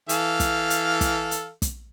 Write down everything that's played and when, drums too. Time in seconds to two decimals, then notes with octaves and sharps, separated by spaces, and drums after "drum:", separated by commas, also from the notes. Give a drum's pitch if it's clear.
0.09 E3 A4 F5, drum: hi-hat
0.40 drum: kick, hi-hat
0.70 drum: hi-hat
1.01 drum: kick, hi-hat
1.31 drum: hi-hat
1.62 drum: kick, hi-hat